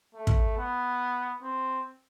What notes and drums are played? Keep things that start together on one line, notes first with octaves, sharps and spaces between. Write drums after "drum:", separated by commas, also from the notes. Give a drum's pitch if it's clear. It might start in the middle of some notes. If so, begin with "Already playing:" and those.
A3
drum: kick
B3
C4